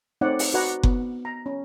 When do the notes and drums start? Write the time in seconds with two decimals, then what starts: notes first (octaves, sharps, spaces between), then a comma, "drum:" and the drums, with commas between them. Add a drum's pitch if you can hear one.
0.21 A3 C4 D#4 C#5 D5 F#5
0.39 B4, drum: open hi-hat
0.54 F#4 B4 D5 F#5 A#5
0.83 B3, drum: kick F#1
1.25 A#5
1.46 C#4